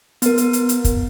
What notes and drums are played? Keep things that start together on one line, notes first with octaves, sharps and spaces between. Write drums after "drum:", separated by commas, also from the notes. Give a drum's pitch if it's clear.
B3 A#4, drum: hi-hat
drum: hi-hat
drum: hi-hat
drum: hi-hat
drum: kick, hi-hat